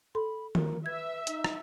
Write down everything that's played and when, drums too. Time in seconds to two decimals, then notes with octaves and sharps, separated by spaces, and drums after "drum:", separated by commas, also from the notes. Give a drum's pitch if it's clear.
0.15 A4 B5 C6
0.55 A#3, drum: tom D#3
0.86 B4 E5 G#6
1.27 D#4, drum: hi-hat
1.44 drum: rim click